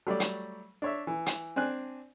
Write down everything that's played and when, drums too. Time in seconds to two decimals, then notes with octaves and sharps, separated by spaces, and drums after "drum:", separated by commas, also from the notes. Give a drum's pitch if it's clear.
0.07 F#3 G3 A3 D5
0.20 drum: hi-hat
0.82 D4 C#5 E5
1.07 E3
1.26 drum: hi-hat
1.56 C4 D4 G#5 F#6